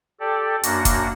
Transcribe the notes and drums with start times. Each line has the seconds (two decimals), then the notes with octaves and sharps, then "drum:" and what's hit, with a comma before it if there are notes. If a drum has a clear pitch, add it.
0.20 G4 A4 D5
0.63 F#2 A#3 D4 F#4 A#6, drum: hi-hat
0.85 drum: kick F#1, hi-hat